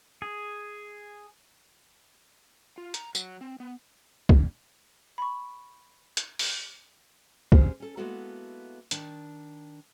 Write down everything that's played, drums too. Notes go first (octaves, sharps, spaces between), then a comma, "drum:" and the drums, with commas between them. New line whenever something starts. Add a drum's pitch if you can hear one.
G#4
F4
A#5, drum: hi-hat
F#3, drum: tambourine
C4
B3
drum: kick
B5 C#6
drum: hi-hat
drum: open hi-hat
C#4 G4 G#4 A#4 C5, drum: kick
C#4 A4
G#3 A#3 B3 E4 F#4 A4
D#3 D4, drum: hi-hat